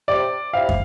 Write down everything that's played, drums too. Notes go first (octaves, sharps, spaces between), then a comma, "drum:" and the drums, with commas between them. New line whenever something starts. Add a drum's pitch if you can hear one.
C3 D5
G3 C4 E4 F5
drum: kick